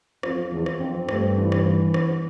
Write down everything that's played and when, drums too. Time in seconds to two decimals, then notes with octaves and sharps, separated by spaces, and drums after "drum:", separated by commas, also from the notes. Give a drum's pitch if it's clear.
0.23 F2 F4, drum: rim click
0.52 E2 F3
0.66 drum: rim click
0.80 F2 C4
1.09 G2 A3, drum: rim click
1.38 E3
1.52 drum: rim click
1.66 E3
1.94 B3, drum: rim click